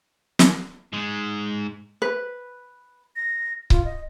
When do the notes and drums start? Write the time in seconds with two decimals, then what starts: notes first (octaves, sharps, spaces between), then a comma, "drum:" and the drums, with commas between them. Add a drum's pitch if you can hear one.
0.39 drum: snare
0.93 G#2 G#3
2.02 B4
3.16 A#6
3.70 F4, drum: kick C#1
3.85 D#5